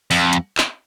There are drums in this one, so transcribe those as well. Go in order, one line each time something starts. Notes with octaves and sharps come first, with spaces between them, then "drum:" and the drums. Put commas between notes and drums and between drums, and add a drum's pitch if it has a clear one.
F2, drum: open hi-hat
drum: hi-hat
drum: clap